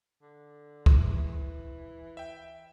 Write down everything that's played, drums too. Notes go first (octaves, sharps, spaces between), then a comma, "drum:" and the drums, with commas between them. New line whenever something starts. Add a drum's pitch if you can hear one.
D3
drum: kick
E3
E5 G5